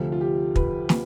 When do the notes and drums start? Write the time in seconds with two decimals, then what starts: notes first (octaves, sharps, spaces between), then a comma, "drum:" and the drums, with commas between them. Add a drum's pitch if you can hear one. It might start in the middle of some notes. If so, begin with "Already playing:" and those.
Already playing: D2 C3 F3 A3
0.12 F4
0.21 G4
0.56 B4, drum: kick
0.89 B4, drum: snare